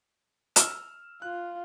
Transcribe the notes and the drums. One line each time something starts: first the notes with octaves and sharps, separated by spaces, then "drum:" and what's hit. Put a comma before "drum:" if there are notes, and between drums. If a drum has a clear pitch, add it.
E6 F6 E7, drum: hi-hat
F4 F#6